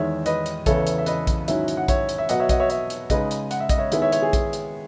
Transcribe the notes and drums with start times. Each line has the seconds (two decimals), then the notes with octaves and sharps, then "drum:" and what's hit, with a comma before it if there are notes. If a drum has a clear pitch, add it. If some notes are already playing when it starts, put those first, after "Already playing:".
Already playing: E2 D#3 G#3 C#5 E5
0.26 B4 D#5, drum: hi-hat
0.46 drum: hi-hat
0.66 E2 C#3 E3 B3 E4 A4 C#5, drum: kick A#1, hi-hat
0.87 drum: hi-hat
0.98 E5
1.06 B4 D#5, drum: hi-hat
1.27 drum: kick A#1, hi-hat
1.48 G#2 D#3 F#3 C#4 E4, drum: hi-hat
1.68 drum: hi-hat
1.77 F#5
1.88 C#5 E5, drum: kick A#1, hi-hat
2.09 drum: hi-hat
2.18 E5
2.29 B2 F#3 B3 D#5 F#5, drum: hi-hat
2.40 C#5 E5
2.49 D#5 F#5, drum: kick A#1, hi-hat
2.60 C#5 E5
2.70 C#5 E5, drum: hi-hat
2.90 drum: hi-hat
3.10 C#3 G#3 D#4 B4 D#5, drum: kick A#1, hi-hat
3.31 drum: hi-hat
3.51 F#5, drum: hi-hat
3.60 E5
3.69 D#5, drum: kick A#1, hi-hat
3.78 C#5 E5
3.92 D#3 G#3 B3 E4, drum: hi-hat
4.02 C#5 E5
4.12 C#5 E5, drum: hi-hat
4.22 G#4
4.33 G#4, drum: kick A#1, hi-hat
4.53 drum: hi-hat